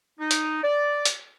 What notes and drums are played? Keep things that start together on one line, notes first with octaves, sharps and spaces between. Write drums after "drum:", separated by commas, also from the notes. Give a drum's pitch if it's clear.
D#4
drum: hi-hat
D5
drum: hi-hat